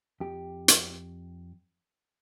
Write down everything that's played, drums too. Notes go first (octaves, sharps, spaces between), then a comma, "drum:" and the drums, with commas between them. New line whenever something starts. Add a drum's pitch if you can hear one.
F2 G4
drum: hi-hat